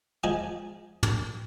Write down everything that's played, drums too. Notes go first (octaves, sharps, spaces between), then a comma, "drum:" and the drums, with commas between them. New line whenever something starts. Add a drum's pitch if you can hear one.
F3 G#3 G#4 G#5 A5 D#6
drum: tom